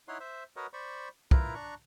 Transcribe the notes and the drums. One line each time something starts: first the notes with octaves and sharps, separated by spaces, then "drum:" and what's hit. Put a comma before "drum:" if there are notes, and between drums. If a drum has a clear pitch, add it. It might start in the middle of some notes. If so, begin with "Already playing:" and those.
D#4 E4 C#5 F#5 C6
C5 E5
F#4 A#4 B4 C#5 D#5 F#5
C5 D5 B5 C#6
E4 F4 A#4 B4 A#5, drum: kick
D4 A#5 C#6 F#6